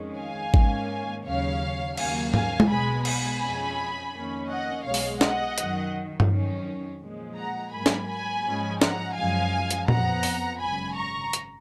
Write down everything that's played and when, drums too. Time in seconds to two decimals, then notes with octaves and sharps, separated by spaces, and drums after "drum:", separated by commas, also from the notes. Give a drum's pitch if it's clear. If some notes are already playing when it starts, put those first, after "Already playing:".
Already playing: F2 D#3 G#3 C#4
0.17 F5 G#5
0.54 G#2 D#3 A#3 C#4, drum: kick G#1
1.25 D#2 C#3 F#3 C#5 F5
1.97 D#2 C#3 F#3 A#3 C#4 F5 G#5, drum: cymbal
2.34 F5 G#5, drum: tom G#2
2.60 drum: tom G#3
2.69 B1 B2 G#3 B3 G#5 B5
3.05 G#5 B5, drum: cymbal
3.41 F2 F3 G#3 C#4
4.13 F2 D#3 A#3 C#4
4.49 D#5 F#5
4.85 B1 B2 G#3 C#5 F5
4.94 drum: open hi-hat
5.21 D#5 F#5, drum: snare
5.58 F#2 D#3 F#3, drum: hi-hat
6.20 drum: tom G2
6.29 F2 D#3 F#3 C#4
7.01 A#2 F3 G#3
7.37 F#5 A#5
7.72 G#2 F#3 A#3 G#5 B5
7.86 drum: snare
8.08 G#5 B5
8.45 G#2 F3 G#3 C#4
8.82 F#5 A#5, drum: snare
9.16 F#2 C#3 F3 G#3 F5 G#5
9.70 drum: hi-hat
9.88 F2 F3 B3 F#5 A#5, drum: tom A#2
10.23 drum: open hi-hat
10.61 G#1 F#2 C#3 G#5 B5
10.96 A#5 C#6
11.33 drum: hi-hat